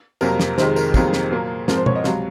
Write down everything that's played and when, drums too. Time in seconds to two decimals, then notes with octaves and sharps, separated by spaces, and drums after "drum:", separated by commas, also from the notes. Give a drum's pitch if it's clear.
0.21 F2 C3 F#3 A#3 A#4, drum: tambourine
0.40 drum: snare
0.58 F2 C3 D#3 G#3 C5, drum: snare
0.76 A#4, drum: tambourine
0.94 F2 C3 D#3 F#3 A#3 G#4, drum: kick, tambourine
1.13 drum: snare
1.31 A#2 F#3 A#3
1.68 G#2 F3 C4 A#4, drum: snare
1.77 C5
1.86 C#5, drum: tom B2
1.95 D#5
2.04 C#2 C3 F#3 F5, drum: snare